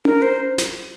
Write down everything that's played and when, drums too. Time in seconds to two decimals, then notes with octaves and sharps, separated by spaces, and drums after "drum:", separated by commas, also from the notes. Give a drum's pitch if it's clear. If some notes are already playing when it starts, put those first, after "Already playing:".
0.05 A#4, drum: tom C#4
0.22 C5
0.58 drum: snare